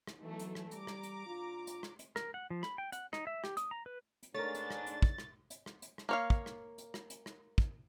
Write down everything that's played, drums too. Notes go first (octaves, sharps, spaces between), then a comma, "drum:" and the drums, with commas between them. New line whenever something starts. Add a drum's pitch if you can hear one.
drum: rim click
E3 F#3 A3 B3 D#4
drum: hi-hat
drum: rim click
G3 A#5 D6, drum: hi-hat
drum: rim click
drum: hi-hat
G#2 D4 F4
drum: hi-hat
drum: rim click
drum: hi-hat
A#4, drum: rim click
F#5
F3
B5, drum: rim click
G5
F#5, drum: hi-hat
D#4, drum: rim click
E5
G4, drum: rim click
D#6, drum: hi-hat
A#5
B4
drum: hi-hat
G#2 A3 D4 A#4 C#5 A6
drum: hi-hat
drum: rim click
drum: hi-hat
drum: kick
drum: rim click
drum: hi-hat
drum: rim click
drum: hi-hat
drum: rim click
A#3 C#5 F5
drum: kick
drum: rim click
drum: hi-hat
drum: rim click
drum: hi-hat
drum: rim click
drum: kick